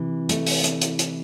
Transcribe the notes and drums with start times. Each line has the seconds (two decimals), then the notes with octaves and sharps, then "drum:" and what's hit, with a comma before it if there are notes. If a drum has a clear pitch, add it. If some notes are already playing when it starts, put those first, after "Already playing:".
Already playing: C3 E3
0.29 A3, drum: hi-hat
0.46 drum: open hi-hat
0.64 drum: hi-hat
0.81 drum: hi-hat
0.99 drum: hi-hat